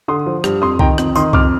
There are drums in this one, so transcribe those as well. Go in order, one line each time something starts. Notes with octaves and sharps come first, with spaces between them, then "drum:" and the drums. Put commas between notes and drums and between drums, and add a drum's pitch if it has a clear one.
D3 C6 D#6
F3
G2, drum: rim click
F2 C6 D#6
D#3 G5 A#5, drum: kick C2
F2, drum: rim click
D#3 C6 D#6, drum: tambourine
F2 D6 F6, drum: kick C2